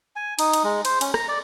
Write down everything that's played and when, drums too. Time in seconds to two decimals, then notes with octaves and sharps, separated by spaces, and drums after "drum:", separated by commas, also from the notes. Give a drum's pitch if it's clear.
0.16 G#5
0.39 D#4, drum: cymbal
0.53 drum: cymbal
0.64 G#3
0.85 C5, drum: cymbal
1.01 C#4, drum: cymbal
1.14 A#5, drum: rim click
1.28 D5